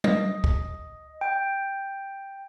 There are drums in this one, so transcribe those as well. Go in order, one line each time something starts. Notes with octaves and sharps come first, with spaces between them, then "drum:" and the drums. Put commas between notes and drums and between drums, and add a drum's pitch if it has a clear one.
D#5, drum: tom F#3
drum: kick
G5